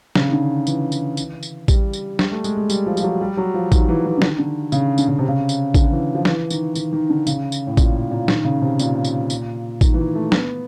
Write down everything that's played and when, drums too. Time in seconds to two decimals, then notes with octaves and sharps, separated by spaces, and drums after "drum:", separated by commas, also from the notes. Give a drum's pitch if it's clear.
0.15 C#3, drum: snare
0.28 D#3
0.32 D3
0.67 E3, drum: tambourine
0.92 drum: tambourine
1.17 drum: tambourine
1.43 drum: tambourine
1.68 G3, drum: kick A1, tambourine
1.93 drum: tambourine
2.19 G3, drum: snare
2.31 A3
2.44 G#3, drum: tambourine
2.57 G#3
2.70 G3, drum: tambourine
2.86 F3
2.97 F3, drum: tambourine
3.03 F#3
3.21 G3
3.37 F#3
3.54 F3
3.72 D#3, drum: kick A1, tambourine
3.88 E3
4.05 E3
4.18 D3
4.22 D#3, drum: snare
4.38 D3
4.72 C#3, drum: tambourine
4.98 D3, drum: tambourine
5.08 C#3
5.19 C3
5.28 C#3
5.49 drum: tambourine
5.74 D3, drum: kick A1, tambourine
5.91 E3
6.15 F3
6.25 E3, drum: snare
6.50 D#3, drum: tambourine
6.75 D#3, drum: tambourine
6.93 D#3
7.10 D3
7.27 C#3, drum: tambourine
7.52 drum: tambourine
7.67 A2
7.77 A#2, drum: kick A1, tambourine
8.11 A#2
8.28 D#3, drum: snare
8.45 C#3
8.62 C3
8.79 A#2, drum: tambourine
9.05 drum: tambourine
9.30 drum: tambourine
9.81 D#3, drum: kick A1, tambourine
9.94 E3
9.98 D#3
10.15 A3
10.32 B3, drum: snare